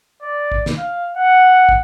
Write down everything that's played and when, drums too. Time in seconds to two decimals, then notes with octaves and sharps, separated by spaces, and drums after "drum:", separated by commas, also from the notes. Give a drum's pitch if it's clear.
0.22 D5
0.52 drum: kick
0.66 drum: snare
0.78 F5
1.17 F#5
1.69 drum: kick